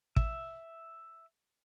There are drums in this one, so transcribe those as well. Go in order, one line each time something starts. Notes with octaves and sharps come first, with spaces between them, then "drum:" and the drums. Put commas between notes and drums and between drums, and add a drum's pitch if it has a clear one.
E5, drum: kick